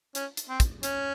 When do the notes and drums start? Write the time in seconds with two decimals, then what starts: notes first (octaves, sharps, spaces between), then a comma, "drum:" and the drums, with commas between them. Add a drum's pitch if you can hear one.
0.15 C#4, drum: hi-hat
0.37 drum: hi-hat
0.49 C4
0.60 drum: kick, hi-hat
0.83 C#4, drum: hi-hat